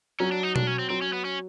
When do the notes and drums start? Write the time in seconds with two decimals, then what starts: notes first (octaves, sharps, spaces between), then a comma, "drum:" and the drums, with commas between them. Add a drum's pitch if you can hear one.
0.20 F#3 C#4
0.32 D4
0.43 D#4
0.56 D4, drum: tom B2
0.67 C#4
0.79 C4
0.90 F#3 C4
1.02 C#4
1.13 B3
1.25 C#4